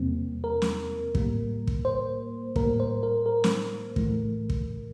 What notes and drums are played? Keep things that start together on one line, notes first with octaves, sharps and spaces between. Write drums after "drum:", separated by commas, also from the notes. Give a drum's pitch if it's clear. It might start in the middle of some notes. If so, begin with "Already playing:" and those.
Already playing: E2 C3 G3 A#3 C4
A#4
drum: snare
A2 G3 A#3, drum: kick
drum: kick
C5
A2 G3 A#3 A#4, drum: kick
C5
A#4
A#4
drum: snare
A2 E3 A3, drum: kick
drum: kick